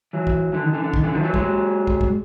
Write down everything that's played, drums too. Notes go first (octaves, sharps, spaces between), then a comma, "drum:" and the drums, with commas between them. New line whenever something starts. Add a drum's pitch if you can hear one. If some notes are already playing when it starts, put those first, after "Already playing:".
E3 F#3
drum: kick
D3 E3
D#3
D3 E3
D3
D#3, drum: kick
D3 E3
D#3 F3
E3 F#3
F#3 G#3, drum: kick
drum: kick
drum: kick